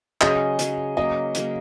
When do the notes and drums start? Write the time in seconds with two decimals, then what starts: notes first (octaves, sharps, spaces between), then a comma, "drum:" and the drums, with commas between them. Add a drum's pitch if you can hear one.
0.21 C#3 F#3 C#4 G#4 D#5, drum: clap
0.59 C#3 F#3 C#4 G#4, drum: hi-hat
0.97 C#3 F#3 A#3 D#5
1.35 C#3 F#3 A#3, drum: hi-hat